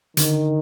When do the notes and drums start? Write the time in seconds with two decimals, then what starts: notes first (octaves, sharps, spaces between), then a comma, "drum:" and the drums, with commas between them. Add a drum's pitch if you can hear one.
0.17 D3 D#3, drum: hi-hat